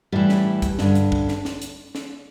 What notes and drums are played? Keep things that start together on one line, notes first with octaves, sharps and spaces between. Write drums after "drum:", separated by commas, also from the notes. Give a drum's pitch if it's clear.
A2 E3 G3
drum: snare
drum: kick, hi-hat
G2 D3, drum: snare
drum: hi-hat
drum: kick
drum: snare
drum: snare
drum: hi-hat
drum: snare